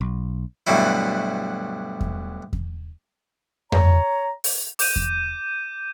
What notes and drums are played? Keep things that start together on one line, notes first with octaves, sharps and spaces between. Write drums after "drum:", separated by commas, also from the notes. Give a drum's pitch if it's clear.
B1
D2 G2 B2 F#3 E4
drum: kick E2
drum: kick E2
C#5 A#5, drum: tom F2
drum: open hi-hat
D6 G6 D#7, drum: open hi-hat
drum: kick E2